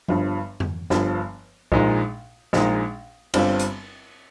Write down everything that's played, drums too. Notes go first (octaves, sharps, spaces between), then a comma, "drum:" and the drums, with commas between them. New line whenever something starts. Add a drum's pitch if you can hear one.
G1 G2 F3, drum: tom F3
drum: tom F2
G1 G2 F3, drum: snare
A#1 A#2 G#3 D#4, drum: kick C2
A#1 A#2 G#3 D#4, drum: snare
G1 G2 G3 C4 F4, drum: cymbal
drum: hi-hat